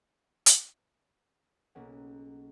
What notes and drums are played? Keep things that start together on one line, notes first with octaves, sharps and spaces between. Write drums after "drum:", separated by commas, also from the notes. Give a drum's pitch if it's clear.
drum: hi-hat
B1 A#3 C#4 G#4 F#5